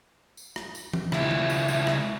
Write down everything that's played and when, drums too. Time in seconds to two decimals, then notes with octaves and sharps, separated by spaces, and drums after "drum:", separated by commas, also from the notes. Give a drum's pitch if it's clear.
0.37 drum: tambourine
0.56 drum: rim click
0.75 drum: tambourine
0.93 drum: tom E3
1.12 C#2 E4, drum: rim click
1.31 drum: tom
1.50 drum: tambourine
1.68 drum: tambourine
1.87 drum: rim click